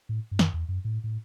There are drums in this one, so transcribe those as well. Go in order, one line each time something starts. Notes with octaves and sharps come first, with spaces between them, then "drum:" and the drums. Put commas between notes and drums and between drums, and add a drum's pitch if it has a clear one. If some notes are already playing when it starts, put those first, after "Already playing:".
A2
G2
F#2, drum: snare
E2
F#2
A2
A2